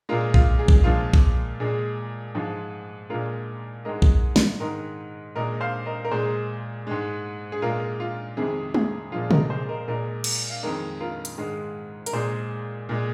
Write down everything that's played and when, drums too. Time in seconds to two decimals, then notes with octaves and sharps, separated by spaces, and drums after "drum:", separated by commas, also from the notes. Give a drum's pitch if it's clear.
0.09 A#2 G#3 F4 A#4
0.34 F4, drum: kick A#1
0.59 G#4
0.68 drum: kick A#1
0.84 A#2 F3 G#3 F4
1.14 drum: kick A#1
1.60 A#2 G#3 G#4
2.35 G#2 F3 G#3
3.10 A#2 G#3 F4 A#4
3.85 G#2 G#3 A#4 D#5
4.02 drum: kick A#1
4.36 drum: snare
4.60 G#2 D#3 G#3 A#4 D#5
5.36 A#2 G#3 A#4 D#5
5.61 C5 F5
5.86 A#4 D#5
6.05 A#4
6.11 A#2 G#3 G#4 C5
6.87 G#2 G#3
7.52 G#4
7.62 A#2 G#3 F4 A#4
8.00 F4
8.37 F2 C3 D#3 G#3 G#4
8.74 G#4, drum: tom G3
9.12 A#2 F3 G#3 F4
9.31 A#4 D#5, drum: tom C3
9.50 G#4 C5
9.69 A#4 D#5
9.88 A#2 G#3 A#4 D#5
10.24 drum: cymbal
10.50 F5
10.63 F2 D#3 G#3 A#4 D#5
11.00 F4 A#4
11.25 drum: hi-hat
11.38 G#2 D#3 G#3
12.06 A#4, drum: hi-hat
12.13 A#2 G#3 G#4 C5
12.89 A#2 G#3